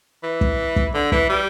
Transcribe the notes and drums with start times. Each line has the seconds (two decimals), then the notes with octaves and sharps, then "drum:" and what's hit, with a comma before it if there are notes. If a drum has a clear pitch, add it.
0.23 E3
0.41 drum: kick
0.76 drum: kick
0.94 D3
1.12 E3, drum: kick
1.29 G3